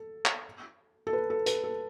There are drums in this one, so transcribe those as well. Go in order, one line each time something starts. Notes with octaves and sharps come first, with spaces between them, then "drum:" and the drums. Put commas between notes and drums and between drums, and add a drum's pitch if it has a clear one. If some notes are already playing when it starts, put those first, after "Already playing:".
Already playing: A4
drum: clap
A4
B4
A4
B4, drum: hi-hat
A4